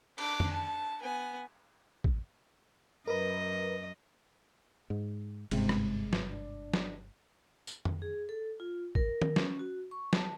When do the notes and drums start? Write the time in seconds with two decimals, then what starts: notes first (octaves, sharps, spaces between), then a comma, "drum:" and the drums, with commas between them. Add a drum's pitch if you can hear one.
0.18 D4 D6, drum: cymbal
0.40 drum: tom F2
0.51 A5
1.01 B3 G#5
2.04 drum: kick A1
3.07 F#2 A#4 B4 D#5
4.90 G#2
5.51 G1 G#2 C3 G#3, drum: cymbal
5.69 drum: rim click
6.13 drum: snare
6.28 D4
6.74 drum: snare
7.67 drum: tambourine
7.85 drum: tom F2
8.02 G#4
8.29 A4
8.60 F4
8.95 A#4, drum: kick A1
9.22 drum: tom D#3
9.36 C#4, drum: snare
9.59 F#4
9.91 C#6
10.13 A5, drum: snare